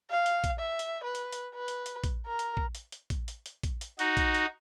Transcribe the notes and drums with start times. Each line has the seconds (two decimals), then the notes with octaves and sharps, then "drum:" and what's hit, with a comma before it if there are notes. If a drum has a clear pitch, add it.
0.10 F5
0.26 drum: hi-hat
0.44 drum: kick, hi-hat
0.59 E5
0.79 drum: hi-hat
1.04 B4
1.15 drum: hi-hat
1.33 drum: hi-hat
1.55 B4
1.68 drum: hi-hat
1.86 drum: hi-hat
2.04 drum: kick, hi-hat
2.26 A#4
2.39 drum: hi-hat
2.57 drum: kick
2.75 drum: hi-hat
2.92 drum: hi-hat
3.10 drum: kick, hi-hat
3.28 drum: hi-hat
3.46 drum: hi-hat
3.63 drum: kick, hi-hat
3.81 drum: hi-hat
3.99 D#4 F#4, drum: hi-hat
4.17 drum: kick, hi-hat
4.35 drum: hi-hat